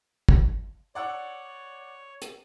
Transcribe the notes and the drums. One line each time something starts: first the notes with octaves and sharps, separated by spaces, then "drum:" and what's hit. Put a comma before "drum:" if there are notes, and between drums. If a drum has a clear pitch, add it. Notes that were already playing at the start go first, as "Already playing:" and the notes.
drum: kick
C#5 D5 F#5 E6
drum: hi-hat